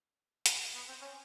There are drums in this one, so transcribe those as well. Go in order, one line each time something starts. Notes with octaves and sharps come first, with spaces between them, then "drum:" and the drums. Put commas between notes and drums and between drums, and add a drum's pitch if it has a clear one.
drum: hi-hat
B3
C4
C#4